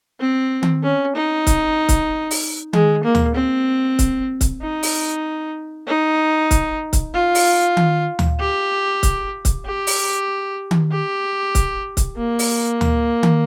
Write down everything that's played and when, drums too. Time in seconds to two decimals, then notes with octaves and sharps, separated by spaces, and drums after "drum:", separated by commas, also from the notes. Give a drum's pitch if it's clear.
0.21 C4
0.63 drum: tom D#3
0.83 C#4
1.16 D#4
1.47 drum: kick C#1, hi-hat
1.89 drum: kick C#1, hi-hat
2.31 drum: open hi-hat
2.73 G#3, drum: tom D#3
3.04 A#3
3.15 drum: tom D2
3.35 C4
3.99 drum: kick C#1, hi-hat
4.41 drum: kick C#1, hi-hat
4.61 D#4
4.83 drum: open hi-hat
5.87 D#4
6.51 drum: kick C#1, hi-hat
6.93 drum: kick C#1, hi-hat
7.14 F4
7.35 drum: open hi-hat
7.77 drum: tom D#3
8.19 drum: tom D2
8.40 G4
9.03 drum: kick C#1, hi-hat
9.45 drum: kick C#1, hi-hat
9.66 G4
9.87 drum: open hi-hat
10.71 drum: tom D#3
10.92 G4
11.55 drum: kick C#1, hi-hat
11.97 drum: kick C#1, hi-hat
12.18 A#3
12.39 drum: open hi-hat
12.81 drum: tom D2
13.23 drum: tom D#3